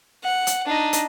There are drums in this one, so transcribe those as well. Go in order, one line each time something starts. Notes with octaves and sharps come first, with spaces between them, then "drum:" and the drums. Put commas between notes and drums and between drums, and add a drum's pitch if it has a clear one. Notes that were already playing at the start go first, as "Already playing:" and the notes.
F#5
drum: hi-hat
D4 D#4
drum: hi-hat